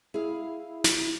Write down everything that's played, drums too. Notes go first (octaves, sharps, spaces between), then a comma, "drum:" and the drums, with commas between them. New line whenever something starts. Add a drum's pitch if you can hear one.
E4 G#4 F5
drum: snare